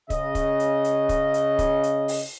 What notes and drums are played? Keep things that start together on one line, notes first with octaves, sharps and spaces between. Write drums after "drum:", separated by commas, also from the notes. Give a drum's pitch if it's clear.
C#3 D#5, drum: kick, hi-hat
drum: kick, hi-hat
drum: hi-hat
drum: hi-hat
drum: kick, hi-hat
drum: hi-hat
drum: kick, hi-hat
drum: hi-hat
drum: open hi-hat